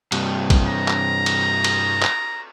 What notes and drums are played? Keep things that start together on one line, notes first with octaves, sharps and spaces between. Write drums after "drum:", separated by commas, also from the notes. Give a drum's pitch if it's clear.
G2 C3, drum: cymbal
drum: kick, cymbal
A#5
drum: clap
drum: cymbal
drum: cymbal
drum: clap